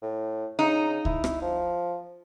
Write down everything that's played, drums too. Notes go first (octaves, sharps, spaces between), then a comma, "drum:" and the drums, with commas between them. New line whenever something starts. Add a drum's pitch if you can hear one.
A2
C#3 D#4
E4, drum: kick C#2
drum: rim click
F3